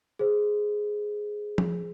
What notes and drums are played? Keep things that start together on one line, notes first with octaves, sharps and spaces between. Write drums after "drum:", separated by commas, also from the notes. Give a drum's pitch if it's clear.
G#4 C5
drum: tom F3